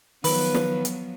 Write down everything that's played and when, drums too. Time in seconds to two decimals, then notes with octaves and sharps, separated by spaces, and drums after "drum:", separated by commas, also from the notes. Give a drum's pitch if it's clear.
0.24 D#3 F3 F#3 B3 B4, drum: open hi-hat
0.54 drum: snare
0.85 drum: hi-hat